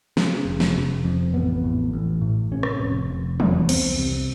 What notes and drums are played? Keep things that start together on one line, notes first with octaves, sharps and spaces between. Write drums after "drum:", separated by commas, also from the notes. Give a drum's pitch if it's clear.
C#3, drum: snare
F1
drum: snare
F1
F2
A1 B3
A2
A1
A2
C3 C#4
drum: rim click
F1
F1
E2, drum: tom
C2 C4, drum: cymbal
C3